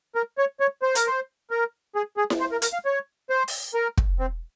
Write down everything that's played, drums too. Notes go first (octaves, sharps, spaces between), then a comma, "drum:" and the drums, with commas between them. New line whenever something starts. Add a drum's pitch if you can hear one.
A#4
C#5
C#5
C5
A#4, drum: hi-hat
C5
A#4
G#4
G#4
drum: snare E4
C5
A#4
A#4, drum: hi-hat
F5
C#5
C5
drum: open hi-hat
A#4
drum: kick
C4